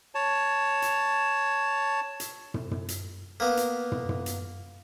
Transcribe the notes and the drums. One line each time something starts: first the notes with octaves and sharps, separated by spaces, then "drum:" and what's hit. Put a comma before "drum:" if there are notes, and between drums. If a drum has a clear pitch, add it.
C#5 A5
drum: hi-hat
drum: hi-hat
drum: tom
drum: tom
drum: hi-hat
A#3 B3
drum: hi-hat
drum: tom
drum: tom
drum: hi-hat